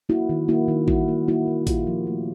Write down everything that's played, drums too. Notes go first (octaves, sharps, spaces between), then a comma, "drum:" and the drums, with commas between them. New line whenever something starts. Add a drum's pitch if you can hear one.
A#3 E4 F#4
D#3
A#3 E4 F#4
D#3
G3 E4 F#4, drum: kick A1
A#3
A#3 E4 F#4
D#3
A#2 F4 G4, drum: kick A1, hi-hat
F3
A3